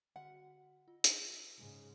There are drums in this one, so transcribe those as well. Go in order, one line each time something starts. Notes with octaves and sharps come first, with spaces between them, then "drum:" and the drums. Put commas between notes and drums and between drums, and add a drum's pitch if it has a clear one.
D3 F#4 F#5
F4
drum: hi-hat
G#2 C#3